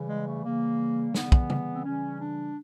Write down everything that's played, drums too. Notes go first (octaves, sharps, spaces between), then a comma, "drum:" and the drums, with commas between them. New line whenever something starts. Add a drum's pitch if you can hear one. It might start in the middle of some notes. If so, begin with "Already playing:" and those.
Already playing: C#3 E3 G3
G#3
A3
C#3 E3 G3 A#3
C#3 E3 G3 B3, drum: snare
drum: kick
drum: tom C#3
C4
C#3 E3 G3 C#4
D4